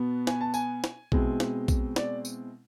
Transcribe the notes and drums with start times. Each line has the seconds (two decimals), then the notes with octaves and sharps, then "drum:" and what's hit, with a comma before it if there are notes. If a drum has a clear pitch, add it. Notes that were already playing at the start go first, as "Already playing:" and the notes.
Already playing: B2 B3
0.27 G#5, drum: snare
0.41 A5
0.54 G#5, drum: tambourine
0.84 drum: snare
1.12 B2 G#3 C4 E4, drum: kick A#1
1.40 drum: snare
1.68 drum: kick A#1, tambourine
1.96 D5, drum: snare
2.25 drum: tambourine